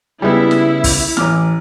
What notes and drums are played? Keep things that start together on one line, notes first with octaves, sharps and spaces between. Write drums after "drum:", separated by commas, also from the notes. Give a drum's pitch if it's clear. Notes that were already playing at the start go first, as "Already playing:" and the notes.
C#3 G3 G#3 B3 E4
drum: snare
drum: kick, open hi-hat
A1 E3 D6 F6, drum: snare